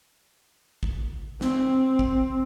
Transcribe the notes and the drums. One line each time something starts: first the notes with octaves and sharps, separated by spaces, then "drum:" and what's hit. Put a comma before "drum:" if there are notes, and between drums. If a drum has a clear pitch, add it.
drum: kick
C4, drum: snare
drum: kick